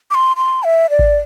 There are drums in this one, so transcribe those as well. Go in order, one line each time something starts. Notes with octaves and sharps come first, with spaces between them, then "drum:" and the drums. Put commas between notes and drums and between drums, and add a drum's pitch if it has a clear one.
D6
C6
C6
E5
D5
drum: kick G#1